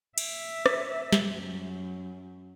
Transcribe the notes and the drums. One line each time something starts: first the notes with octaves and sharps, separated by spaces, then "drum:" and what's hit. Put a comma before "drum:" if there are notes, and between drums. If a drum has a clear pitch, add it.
E5, drum: cymbal
drum: rim click
drum: snare
F#2